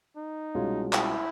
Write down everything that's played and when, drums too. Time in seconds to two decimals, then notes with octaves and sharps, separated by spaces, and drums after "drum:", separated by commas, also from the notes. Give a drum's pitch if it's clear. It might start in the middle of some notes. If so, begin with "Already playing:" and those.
0.17 D#4
0.55 C2 B2 G#3 C#4 F4
0.93 E4, drum: clap